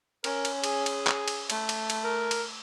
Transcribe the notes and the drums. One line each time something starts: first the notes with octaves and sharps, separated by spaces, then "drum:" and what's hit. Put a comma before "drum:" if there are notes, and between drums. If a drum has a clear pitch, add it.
C#4 A#4, drum: cymbal
drum: cymbal
G#4, drum: cymbal
drum: cymbal
drum: clap
drum: cymbal
A3, drum: cymbal
drum: cymbal
drum: cymbal
A#4
drum: cymbal